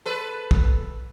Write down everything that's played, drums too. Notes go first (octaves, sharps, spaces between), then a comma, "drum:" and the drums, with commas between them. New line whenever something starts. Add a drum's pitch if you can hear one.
A4 B4
drum: kick